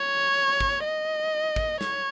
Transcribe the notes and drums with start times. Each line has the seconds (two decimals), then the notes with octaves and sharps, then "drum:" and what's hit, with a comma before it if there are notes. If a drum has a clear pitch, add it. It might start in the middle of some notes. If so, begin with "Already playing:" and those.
Already playing: C#5
0.60 drum: kick
0.84 D#5
1.56 drum: kick
1.81 C#5, drum: snare